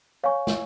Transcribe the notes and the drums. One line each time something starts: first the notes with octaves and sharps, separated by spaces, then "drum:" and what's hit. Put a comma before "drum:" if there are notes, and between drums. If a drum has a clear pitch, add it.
C#5 F5 G#5 C#6
drum: snare